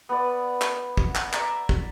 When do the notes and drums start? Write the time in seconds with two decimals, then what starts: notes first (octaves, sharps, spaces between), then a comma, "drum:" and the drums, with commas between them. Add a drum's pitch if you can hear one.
0.09 B3 D5
0.62 drum: clap
0.97 drum: kick
1.15 drum: clap
1.33 D5 E5 A#5, drum: clap
1.69 drum: kick